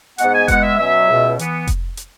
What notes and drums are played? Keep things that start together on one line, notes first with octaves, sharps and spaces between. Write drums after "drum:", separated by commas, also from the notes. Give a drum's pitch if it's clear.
G#2 G#3 B3 F#5, drum: hi-hat
G#5
B2 G#3 B3 F#5, drum: kick F1, hi-hat
E5
B2 F#3 C#4 E5
C#2 B2 B3
E3 B3, drum: hi-hat
drum: kick F1, hi-hat
drum: hi-hat